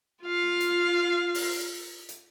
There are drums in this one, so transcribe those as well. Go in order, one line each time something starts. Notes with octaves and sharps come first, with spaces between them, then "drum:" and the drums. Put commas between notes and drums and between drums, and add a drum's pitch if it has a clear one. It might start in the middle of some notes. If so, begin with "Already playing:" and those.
F4 F5
drum: hi-hat
drum: open hi-hat
drum: hi-hat